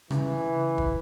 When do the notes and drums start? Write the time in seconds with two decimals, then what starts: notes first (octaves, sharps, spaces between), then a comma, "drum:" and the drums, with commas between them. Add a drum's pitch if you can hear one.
0.11 C#3 E3, drum: rim click
0.78 drum: kick